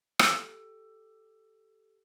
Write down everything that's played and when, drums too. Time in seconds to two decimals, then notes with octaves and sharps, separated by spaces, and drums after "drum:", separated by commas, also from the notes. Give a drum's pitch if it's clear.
0.19 G4 A4, drum: rim click